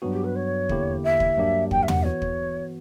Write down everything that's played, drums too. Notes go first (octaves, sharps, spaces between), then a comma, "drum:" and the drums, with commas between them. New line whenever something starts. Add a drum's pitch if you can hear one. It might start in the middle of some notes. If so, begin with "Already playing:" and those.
G2 F#3 B3 F#4
G4
B4
C#5
E2 D3 A#3 E4 G4, drum: kick
E5
drum: kick
G2 F#3 A#3 D4 G4
G5, drum: kick
E5
F#5, drum: tom E2
E3 B3 F#4 C#5
drum: kick